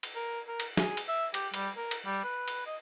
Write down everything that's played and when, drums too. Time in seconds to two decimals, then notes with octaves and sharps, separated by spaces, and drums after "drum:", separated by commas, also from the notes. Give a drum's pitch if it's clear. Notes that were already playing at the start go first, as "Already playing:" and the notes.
0.03 drum: cymbal
0.16 A#4
0.48 A#4
0.60 drum: cymbal
0.77 G#4, drum: snare
0.97 drum: cymbal
1.08 E5
1.34 G4, drum: cymbal
1.54 G3, drum: cymbal
1.77 A#4
1.91 drum: cymbal
2.06 G3
2.24 B4
2.48 drum: cymbal
2.67 D#5